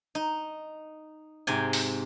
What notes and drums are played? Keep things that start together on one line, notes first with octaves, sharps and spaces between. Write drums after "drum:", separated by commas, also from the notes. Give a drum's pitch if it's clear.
D#4
G#2 C3 G5 G#5
drum: open hi-hat